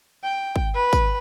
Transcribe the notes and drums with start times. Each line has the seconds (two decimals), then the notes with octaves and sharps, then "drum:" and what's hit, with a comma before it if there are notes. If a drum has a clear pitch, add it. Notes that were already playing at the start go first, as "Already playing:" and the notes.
0.23 G5
0.56 drum: kick
0.74 B4
0.93 drum: kick, tambourine